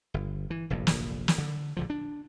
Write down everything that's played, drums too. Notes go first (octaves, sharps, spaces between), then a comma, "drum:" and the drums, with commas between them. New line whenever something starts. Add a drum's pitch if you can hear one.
G1
E3
F1 A#1 G2
drum: snare
drum: snare
D3
A#1 D3 F3
D4